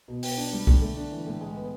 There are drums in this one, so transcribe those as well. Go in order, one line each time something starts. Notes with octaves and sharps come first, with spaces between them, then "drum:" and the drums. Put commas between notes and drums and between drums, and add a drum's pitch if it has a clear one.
B2
B3 G5, drum: open hi-hat
D4
G3
D3, drum: kick B1
A3
D4
E3
A2
G#3
B3